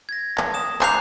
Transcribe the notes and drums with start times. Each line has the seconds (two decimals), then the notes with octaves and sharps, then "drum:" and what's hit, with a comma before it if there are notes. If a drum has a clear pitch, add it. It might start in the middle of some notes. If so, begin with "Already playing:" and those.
0.09 G#6 A#6
0.38 drum: clap
0.54 D#6 E7
0.81 A#5 D6 F#6 G6 C7 F7, drum: clap